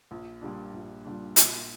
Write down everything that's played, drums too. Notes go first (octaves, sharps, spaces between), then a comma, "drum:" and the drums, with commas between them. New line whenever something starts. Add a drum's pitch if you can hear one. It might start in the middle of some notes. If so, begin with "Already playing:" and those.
A#1
A#2 G3 D4
A#1
A#2 G3 D4
A#2, drum: hi-hat